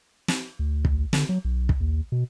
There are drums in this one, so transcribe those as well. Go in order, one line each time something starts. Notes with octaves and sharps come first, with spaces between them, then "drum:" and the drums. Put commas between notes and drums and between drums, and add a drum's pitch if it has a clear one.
drum: snare
D2
drum: kick
D3, drum: snare
F#3
B1
drum: kick
D#2
B2